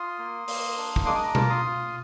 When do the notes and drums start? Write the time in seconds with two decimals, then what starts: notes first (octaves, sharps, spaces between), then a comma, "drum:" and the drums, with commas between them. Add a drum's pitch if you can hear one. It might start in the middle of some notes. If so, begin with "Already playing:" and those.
Already playing: F4 C6 D#6
0.19 A#3
0.48 A#3, drum: open hi-hat
0.77 D4
0.96 drum: kick
1.06 G#3 D6
1.15 D#6
1.23 A#5 D6
1.35 F4, drum: tom B2
1.50 C6 D#6
1.65 F4